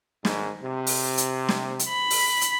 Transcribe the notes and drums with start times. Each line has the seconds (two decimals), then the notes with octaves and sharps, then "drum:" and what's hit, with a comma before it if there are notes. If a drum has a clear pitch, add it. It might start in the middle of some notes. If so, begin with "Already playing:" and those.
0.25 G#1 G#2, drum: snare
0.63 C3
0.87 drum: open hi-hat
1.18 drum: hi-hat
1.48 drum: snare
1.79 drum: hi-hat
1.89 B5
2.10 drum: open hi-hat
2.41 drum: hi-hat